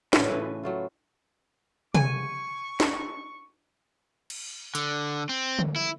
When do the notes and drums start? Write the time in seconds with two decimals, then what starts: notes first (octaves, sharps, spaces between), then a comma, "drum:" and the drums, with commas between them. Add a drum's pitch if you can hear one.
0.13 A2 C#3 E3 F#3, drum: snare
0.28 E3 A3 E4 B4
0.63 F#3 A3 F4
1.94 G#5 C#6, drum: tom C3
2.80 drum: snare
4.30 drum: cymbal
4.75 D3, drum: hi-hat
5.29 C4
5.59 drum: tom D3
5.76 E4